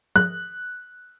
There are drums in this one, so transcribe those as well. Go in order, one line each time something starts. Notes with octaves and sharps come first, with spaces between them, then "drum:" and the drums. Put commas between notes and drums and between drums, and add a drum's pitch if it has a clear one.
F#6, drum: tom F3